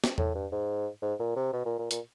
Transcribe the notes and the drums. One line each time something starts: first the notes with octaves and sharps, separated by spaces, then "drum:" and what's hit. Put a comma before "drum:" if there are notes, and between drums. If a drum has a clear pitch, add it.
drum: snare
A2, drum: tom E2
G2
G#2
G#2
A#2
C3
B2
A#2
A#2
A#2, drum: hi-hat